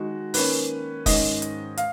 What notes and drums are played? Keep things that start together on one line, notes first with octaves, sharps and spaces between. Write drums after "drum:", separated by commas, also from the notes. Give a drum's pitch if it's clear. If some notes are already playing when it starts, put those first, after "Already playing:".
Already playing: D#3 G#3 D#4 F#4
D#3 A#3 C#4 B4, drum: open hi-hat
G#2 D#3 G#3 C#4 D#5, drum: kick, open hi-hat
drum: hi-hat
F5, drum: hi-hat